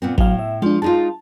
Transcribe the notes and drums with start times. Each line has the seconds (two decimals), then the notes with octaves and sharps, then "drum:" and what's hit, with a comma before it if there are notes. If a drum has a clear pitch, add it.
0.02 A#2 B3 C4
0.18 A2 F#3 F5, drum: kick
0.39 E5
0.62 F3 G#3 D4
0.82 G#3 D#4 F4 A5